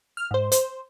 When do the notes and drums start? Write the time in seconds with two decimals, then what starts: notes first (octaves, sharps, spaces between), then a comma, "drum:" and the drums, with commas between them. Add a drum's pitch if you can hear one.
0.17 F6
0.31 G#2 C5
0.52 C5, drum: hi-hat